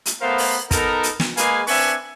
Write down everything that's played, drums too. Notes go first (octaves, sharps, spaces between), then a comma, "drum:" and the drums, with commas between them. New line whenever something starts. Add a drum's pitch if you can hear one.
drum: hi-hat
A3 B3 A#4 C5 F5
drum: open hi-hat
B3 D#4 A4 A#4, drum: kick, hi-hat
drum: hi-hat
drum: snare
G#3 A#3 G#4 B4 F5 G#5, drum: hi-hat
C4 D4 B4 E5 G#5 C#6, drum: open hi-hat